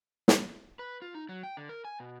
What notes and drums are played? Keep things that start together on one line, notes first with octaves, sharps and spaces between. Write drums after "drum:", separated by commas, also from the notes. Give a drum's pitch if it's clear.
drum: snare
B4
F4
D#4
F#3
G5
D3
A#4
G#5
B2